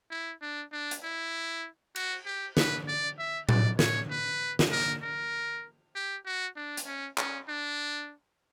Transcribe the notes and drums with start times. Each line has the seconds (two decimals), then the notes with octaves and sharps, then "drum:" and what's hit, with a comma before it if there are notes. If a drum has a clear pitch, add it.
0.11 E4
0.42 D4
0.72 D4
0.91 drum: hi-hat
1.03 E4
1.96 F#4, drum: cymbal
2.26 G4
2.57 B4, drum: snare
2.88 D5
3.19 E5
3.49 D5, drum: tom A2
3.79 C#5, drum: snare
4.10 B4
4.59 drum: snare
4.72 A#4
5.02 A#4
5.95 G4
6.26 F#4
6.56 D4
6.77 drum: hi-hat
6.86 C#4
7.18 C#4, drum: clap
7.49 D4